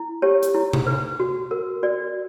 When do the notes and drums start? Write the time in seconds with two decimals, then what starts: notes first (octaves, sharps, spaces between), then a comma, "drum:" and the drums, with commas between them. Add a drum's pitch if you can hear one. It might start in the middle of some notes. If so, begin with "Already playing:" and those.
Already playing: E4
0.22 G4 C#5
0.43 drum: hi-hat
0.55 E4
0.73 drum: tom C3
0.87 B4
1.20 F#4
1.51 A#4
1.83 F#4 D5